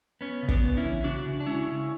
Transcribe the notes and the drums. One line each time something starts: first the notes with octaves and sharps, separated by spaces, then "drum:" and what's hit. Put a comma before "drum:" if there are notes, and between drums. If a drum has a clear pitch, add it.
B3 C#4
C#3
B3 D4, drum: kick
C#3
C#4 E4
E3
C#3 D4 F#4
C#3
D4
G#3 C#4 E4
C#3